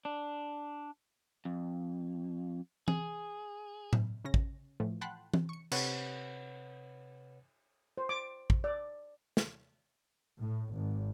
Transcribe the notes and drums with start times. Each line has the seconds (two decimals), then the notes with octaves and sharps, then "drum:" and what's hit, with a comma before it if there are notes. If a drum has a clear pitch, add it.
0.05 D4
1.45 F2
2.88 G#4, drum: tom E3
3.93 drum: tom A2
4.25 C#3 C#4 A#6
4.34 drum: kick
4.80 A2 E3 F3 A3
5.01 F#5 G5 A5 B5 C6 F#6
5.34 drum: tom E3
5.49 C#6 C#7
5.72 C3 B4 C#5 F#5 B5, drum: cymbal
7.98 C5
8.09 D6
8.50 drum: kick
8.64 D5
9.37 drum: snare
10.39 A2
10.73 G#1